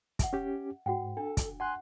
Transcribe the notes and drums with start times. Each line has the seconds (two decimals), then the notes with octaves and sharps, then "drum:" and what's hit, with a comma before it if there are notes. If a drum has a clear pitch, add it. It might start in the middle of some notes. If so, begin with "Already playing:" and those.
0.19 E5 F#5, drum: kick, hi-hat
0.33 C#4 G4
0.86 G#2 F#4 F#5 G5
1.17 D4 A4
1.37 drum: kick, hi-hat
1.60 F#5 G#5 C6 F#6